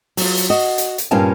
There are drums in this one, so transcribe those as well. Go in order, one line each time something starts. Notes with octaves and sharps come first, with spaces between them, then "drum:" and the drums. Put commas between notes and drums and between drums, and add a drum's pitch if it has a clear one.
F#3 F4, drum: open hi-hat
drum: hi-hat
F#4 D#5
drum: hi-hat
drum: hi-hat
G2 A#2 C#4 F5 A5